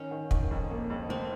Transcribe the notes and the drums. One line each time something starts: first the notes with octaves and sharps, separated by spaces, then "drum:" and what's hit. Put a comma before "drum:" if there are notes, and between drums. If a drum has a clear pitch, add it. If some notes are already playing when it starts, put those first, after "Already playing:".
Already playing: D#3 C#4
D#3
D#3, drum: kick
F2
A#3
F2
F1 C4